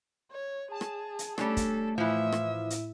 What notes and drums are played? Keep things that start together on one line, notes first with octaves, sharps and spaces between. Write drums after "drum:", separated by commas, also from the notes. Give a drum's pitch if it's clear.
C#5
G#4 A5
drum: rim click
drum: hi-hat
G3 A3 C#4 D4 A4, drum: rim click
drum: kick, hi-hat
A2 E3 F3 E4 E5
drum: rim click
drum: hi-hat